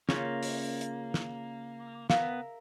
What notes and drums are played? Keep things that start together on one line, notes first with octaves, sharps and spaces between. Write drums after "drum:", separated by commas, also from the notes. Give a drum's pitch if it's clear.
C#3 A#3 C#4 F4 C#5 E5, drum: snare
drum: open hi-hat
drum: hi-hat
drum: snare
B3 A#4 E5 F5, drum: snare